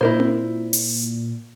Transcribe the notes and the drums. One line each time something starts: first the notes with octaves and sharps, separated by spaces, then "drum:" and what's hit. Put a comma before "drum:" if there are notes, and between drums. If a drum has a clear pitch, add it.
A#2 E4 A#4 C5
drum: tom C4
drum: open hi-hat